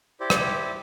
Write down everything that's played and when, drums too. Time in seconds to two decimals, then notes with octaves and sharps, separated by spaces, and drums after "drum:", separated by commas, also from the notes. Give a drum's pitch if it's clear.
0.20 E4 G4 C5 D5
0.30 drum: rim click